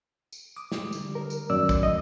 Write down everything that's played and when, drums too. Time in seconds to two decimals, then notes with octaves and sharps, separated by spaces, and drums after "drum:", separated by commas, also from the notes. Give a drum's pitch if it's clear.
0.33 drum: tambourine
0.56 D6 D#6
0.72 drum: snare
0.92 D3 G3, drum: tambourine
1.15 A#4
1.30 drum: tambourine
1.50 F#2 D#3 F#3 A3 D5 E6
1.69 drum: kick, tambourine
1.83 D#5